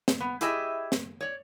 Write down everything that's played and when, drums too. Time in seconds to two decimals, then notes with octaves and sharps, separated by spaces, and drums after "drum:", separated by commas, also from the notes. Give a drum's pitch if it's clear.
0.08 drum: snare
0.20 B3
0.41 E4 G4 G#4 D#5 E5, drum: hi-hat
0.92 drum: snare
1.21 C#5 D5